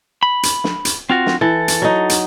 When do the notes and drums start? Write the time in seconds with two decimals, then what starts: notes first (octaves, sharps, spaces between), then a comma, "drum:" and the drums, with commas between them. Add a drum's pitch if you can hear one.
0.23 B5
0.43 drum: hi-hat
0.64 drum: snare
0.85 drum: hi-hat
1.10 C4 F4 F#4
1.26 drum: snare
1.41 E3 A4
1.68 drum: hi-hat
1.82 F#3 D#4
2.09 drum: hi-hat